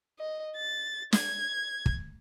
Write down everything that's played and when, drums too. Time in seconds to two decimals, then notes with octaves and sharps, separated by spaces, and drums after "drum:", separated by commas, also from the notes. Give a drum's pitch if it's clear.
0.19 D#5
0.56 A6
1.13 G#6, drum: snare
1.86 drum: kick